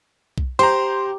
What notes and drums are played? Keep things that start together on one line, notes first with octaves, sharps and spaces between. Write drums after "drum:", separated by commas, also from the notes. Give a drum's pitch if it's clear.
drum: kick B1
G4 C5 A#5 C6